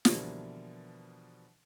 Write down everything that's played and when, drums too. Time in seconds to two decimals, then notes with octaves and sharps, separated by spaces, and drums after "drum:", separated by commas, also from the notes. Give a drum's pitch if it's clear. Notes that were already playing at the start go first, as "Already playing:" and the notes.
0.05 B2 D3 E3 F3 G3 A#3, drum: snare